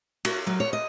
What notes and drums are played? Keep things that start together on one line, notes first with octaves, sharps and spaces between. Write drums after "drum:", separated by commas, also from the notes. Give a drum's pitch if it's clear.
F#4, drum: cymbal
F#3
C#5
D#5